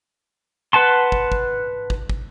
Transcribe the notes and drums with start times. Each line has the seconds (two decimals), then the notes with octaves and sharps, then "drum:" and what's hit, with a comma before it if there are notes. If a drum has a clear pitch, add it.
0.73 B4 F#5 A5 C6
1.12 drum: kick
1.32 drum: kick
1.90 drum: kick
2.10 drum: kick